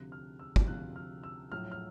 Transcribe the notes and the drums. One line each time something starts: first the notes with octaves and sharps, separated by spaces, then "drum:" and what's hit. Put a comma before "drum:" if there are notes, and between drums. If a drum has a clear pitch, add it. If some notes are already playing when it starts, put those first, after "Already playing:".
Already playing: D2 C3 F3 F#6
F6
E6
drum: kick
D2 C3 F3 F#6
F6
E6
A#1 A2 F#3 F6
F6